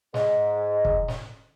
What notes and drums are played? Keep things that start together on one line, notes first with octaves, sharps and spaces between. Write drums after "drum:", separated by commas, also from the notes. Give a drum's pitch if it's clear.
G#2, drum: snare
drum: kick
drum: snare